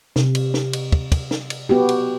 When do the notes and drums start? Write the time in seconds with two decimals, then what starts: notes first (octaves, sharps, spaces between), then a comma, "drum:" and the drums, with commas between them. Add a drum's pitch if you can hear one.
0.16 C3, drum: snare
0.35 drum: cymbal
0.54 drum: snare
0.73 drum: cymbal
0.92 drum: kick
1.12 drum: kick, cymbal
1.31 drum: snare
1.50 drum: cymbal
1.69 B3 F#4 G4
1.89 drum: cymbal